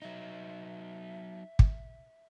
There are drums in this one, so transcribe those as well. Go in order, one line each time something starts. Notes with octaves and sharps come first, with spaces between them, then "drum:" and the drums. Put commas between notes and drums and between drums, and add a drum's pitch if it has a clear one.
F#3 D#4 E5
drum: kick